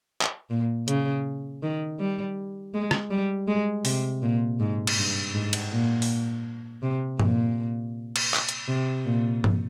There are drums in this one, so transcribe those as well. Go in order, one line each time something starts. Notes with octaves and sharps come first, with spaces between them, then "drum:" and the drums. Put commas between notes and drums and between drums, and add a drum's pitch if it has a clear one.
drum: clap
A#2
C#3, drum: hi-hat
D#3
G3
G#3
drum: rim click
G3
G#3
C3, drum: open hi-hat
A#2
G#2
drum: cymbal
G2
G#2
drum: cymbal
A#2
drum: open hi-hat
C3
A#2, drum: tom G2
drum: cymbal
drum: clap
drum: hi-hat
C3
A#2
drum: tom G2